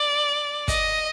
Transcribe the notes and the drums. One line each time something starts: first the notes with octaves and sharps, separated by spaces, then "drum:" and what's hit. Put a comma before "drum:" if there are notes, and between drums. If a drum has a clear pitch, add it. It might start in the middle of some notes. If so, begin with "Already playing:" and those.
Already playing: D5
D#5, drum: kick, hi-hat